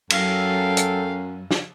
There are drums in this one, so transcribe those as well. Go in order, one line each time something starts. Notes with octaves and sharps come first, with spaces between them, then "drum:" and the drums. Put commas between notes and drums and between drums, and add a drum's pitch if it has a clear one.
F#2 F#3 A4 F5 G5, drum: cymbal
drum: hi-hat
drum: snare